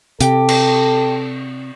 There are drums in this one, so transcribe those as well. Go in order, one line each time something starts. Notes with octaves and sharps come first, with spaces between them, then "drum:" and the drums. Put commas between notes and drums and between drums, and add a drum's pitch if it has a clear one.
C3 G4 A4, drum: hi-hat
drum: cymbal